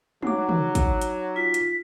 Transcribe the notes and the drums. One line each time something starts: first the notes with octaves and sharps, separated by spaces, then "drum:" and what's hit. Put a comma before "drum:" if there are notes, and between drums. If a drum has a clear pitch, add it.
F#3 D#4 D6, drum: tom
drum: tom
drum: kick, hi-hat
drum: hi-hat
F4 B6
drum: hi-hat